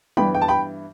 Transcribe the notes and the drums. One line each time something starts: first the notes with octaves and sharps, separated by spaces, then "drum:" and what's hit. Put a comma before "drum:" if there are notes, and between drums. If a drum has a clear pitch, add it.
G2 E3 B3 G5 B5, drum: tom
G5
A5
G5 B5